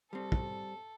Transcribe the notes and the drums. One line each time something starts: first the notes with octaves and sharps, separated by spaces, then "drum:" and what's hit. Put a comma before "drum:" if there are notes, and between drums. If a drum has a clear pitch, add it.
G3 C4 A4
drum: kick